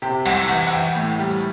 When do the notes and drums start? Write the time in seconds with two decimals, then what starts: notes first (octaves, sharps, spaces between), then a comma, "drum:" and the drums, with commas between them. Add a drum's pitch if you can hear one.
0.02 C3 G4
0.26 C2 F#5, drum: cymbal
0.49 E3 F#5
0.67 F#5
0.72 E3 G5
0.96 A2
1.19 G3